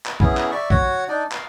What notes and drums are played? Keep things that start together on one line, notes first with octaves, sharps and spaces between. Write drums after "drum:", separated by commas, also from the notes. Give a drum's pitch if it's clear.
drum: clap
B3 C#4 E4 G#4, drum: kick A#1
drum: clap
D5 E5 C#6
F#4 C#5 F#5, drum: kick A#1
D4 D#4 D5
F5, drum: clap